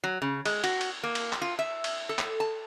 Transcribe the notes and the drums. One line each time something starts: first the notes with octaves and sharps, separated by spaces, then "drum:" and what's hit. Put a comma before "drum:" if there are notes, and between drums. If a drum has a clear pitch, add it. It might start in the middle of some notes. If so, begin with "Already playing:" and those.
F#3
C#3
G#3, drum: cymbal
F#4, drum: cymbal
drum: cymbal
A#3
drum: cymbal
drum: clap
F4
E5
drum: cymbal
A4
drum: clap
A5